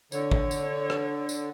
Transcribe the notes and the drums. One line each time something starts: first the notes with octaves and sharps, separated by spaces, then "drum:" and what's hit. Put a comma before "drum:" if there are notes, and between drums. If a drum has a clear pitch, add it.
D3 C#5, drum: tambourine
drum: kick G#1
drum: tambourine
drum: rim click
drum: tambourine